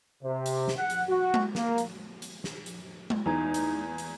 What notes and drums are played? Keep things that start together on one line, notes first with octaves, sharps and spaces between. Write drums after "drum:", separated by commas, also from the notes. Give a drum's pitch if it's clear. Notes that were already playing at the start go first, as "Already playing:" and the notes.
C3
drum: hi-hat
drum: snare
F#5
drum: hi-hat
F#4
drum: tom G#3
A#3, drum: snare
drum: hi-hat
drum: hi-hat
drum: snare
drum: hi-hat
drum: tom G#3
E2 D#4 G#5 A#5 G#6
drum: hi-hat
drum: hi-hat